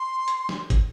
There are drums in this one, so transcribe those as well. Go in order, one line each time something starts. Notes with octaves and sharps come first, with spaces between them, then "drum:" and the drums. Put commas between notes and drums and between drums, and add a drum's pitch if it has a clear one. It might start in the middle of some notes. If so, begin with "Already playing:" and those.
Already playing: C6
drum: hi-hat
drum: snare
drum: kick, hi-hat